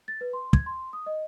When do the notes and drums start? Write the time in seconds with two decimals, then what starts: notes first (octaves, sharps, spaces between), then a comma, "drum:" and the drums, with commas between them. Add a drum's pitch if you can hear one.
0.08 A6
0.21 B4
0.33 C6
0.53 G#6, drum: kick
0.66 C6
0.93 D#6
1.06 D#5